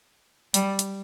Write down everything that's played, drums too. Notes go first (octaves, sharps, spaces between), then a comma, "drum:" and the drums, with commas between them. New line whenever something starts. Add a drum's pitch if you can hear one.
G3, drum: hi-hat
drum: hi-hat